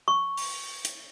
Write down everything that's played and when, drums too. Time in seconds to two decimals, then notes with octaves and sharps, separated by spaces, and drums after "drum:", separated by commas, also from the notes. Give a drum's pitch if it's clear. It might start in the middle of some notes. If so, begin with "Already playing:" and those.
0.08 C#6
0.37 drum: open hi-hat
0.85 drum: hi-hat